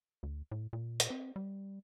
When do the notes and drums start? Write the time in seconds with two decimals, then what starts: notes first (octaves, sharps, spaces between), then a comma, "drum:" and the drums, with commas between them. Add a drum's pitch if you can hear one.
0.23 D2
0.51 A2
0.73 A#2
1.00 drum: hi-hat
1.10 C4
1.36 G3